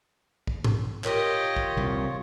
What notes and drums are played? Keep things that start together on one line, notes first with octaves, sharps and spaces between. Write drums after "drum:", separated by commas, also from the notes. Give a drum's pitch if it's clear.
drum: kick
drum: tom G#2
F4 G4 A#4 C#5 D#5, drum: clap
drum: kick
C2 A#2